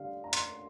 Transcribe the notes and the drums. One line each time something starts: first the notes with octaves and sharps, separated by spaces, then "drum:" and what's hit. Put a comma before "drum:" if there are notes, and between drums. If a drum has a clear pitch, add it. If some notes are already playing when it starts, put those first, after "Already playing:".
Already playing: D3 G3 F5
A#5
C6, drum: hi-hat